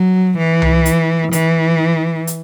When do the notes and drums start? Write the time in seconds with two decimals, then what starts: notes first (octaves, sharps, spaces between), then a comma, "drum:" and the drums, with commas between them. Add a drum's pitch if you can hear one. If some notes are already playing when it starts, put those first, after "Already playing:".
Already playing: F#3
0.39 E3
0.62 drum: tom C2
0.85 drum: hi-hat
1.33 E3, drum: hi-hat
2.27 drum: hi-hat